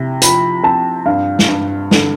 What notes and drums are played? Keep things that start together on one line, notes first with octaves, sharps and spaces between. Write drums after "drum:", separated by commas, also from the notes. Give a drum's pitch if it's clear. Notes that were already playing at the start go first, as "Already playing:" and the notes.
Already playing: C3 E4
F3 B5, drum: hi-hat
C4 A5
G2 F5
drum: snare
G2
D3, drum: snare